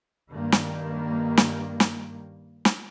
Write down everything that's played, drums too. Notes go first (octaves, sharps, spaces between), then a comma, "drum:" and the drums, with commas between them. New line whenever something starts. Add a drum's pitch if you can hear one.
G2 D#3 G3 A#3
drum: snare
drum: snare
drum: snare
drum: snare